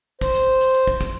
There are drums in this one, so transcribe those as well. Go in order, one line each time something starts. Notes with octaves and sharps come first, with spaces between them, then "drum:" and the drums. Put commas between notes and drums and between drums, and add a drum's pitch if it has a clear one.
C5, drum: kick, hi-hat
drum: hi-hat
drum: hi-hat
drum: hi-hat
drum: kick, hi-hat
drum: kick, hi-hat